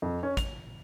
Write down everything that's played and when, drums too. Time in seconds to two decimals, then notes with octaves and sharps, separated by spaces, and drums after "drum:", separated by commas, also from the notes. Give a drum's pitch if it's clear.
0.02 F2
0.23 C#4
0.37 F7, drum: kick, hi-hat